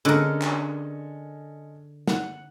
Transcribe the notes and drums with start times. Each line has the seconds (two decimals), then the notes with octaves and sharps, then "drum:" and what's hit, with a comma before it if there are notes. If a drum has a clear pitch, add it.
0.05 D3 G#3 C#4 A4 A#4
0.42 drum: clap
2.08 F#5, drum: snare